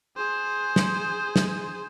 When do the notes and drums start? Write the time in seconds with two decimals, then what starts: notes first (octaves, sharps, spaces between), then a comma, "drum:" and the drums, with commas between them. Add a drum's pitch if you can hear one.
0.17 G#4 C5
0.76 drum: snare
1.36 drum: snare